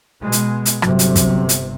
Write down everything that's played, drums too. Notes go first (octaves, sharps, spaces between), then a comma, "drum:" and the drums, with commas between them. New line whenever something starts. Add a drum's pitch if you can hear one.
B2 G#3
drum: hi-hat
drum: hi-hat
G1 C3 F#3, drum: rim click
drum: hi-hat
drum: kick, hi-hat
drum: hi-hat